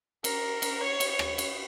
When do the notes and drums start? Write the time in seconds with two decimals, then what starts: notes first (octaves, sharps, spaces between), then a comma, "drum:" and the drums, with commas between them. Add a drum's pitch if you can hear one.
0.24 A#4, drum: cymbal
0.62 drum: cymbal
0.81 C#5
1.00 drum: cymbal
1.10 C#5
1.19 drum: rim click
1.38 drum: cymbal